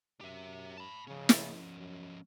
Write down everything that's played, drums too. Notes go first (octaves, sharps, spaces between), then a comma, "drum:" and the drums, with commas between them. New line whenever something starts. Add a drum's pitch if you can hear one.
F#2 G4 E5
A5 B5
C#3 F3 C#4
drum: snare
F#2